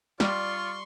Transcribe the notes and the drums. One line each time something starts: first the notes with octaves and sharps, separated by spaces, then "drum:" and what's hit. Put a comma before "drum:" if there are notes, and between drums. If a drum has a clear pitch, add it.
G3 F4 D5 C6 C#6, drum: snare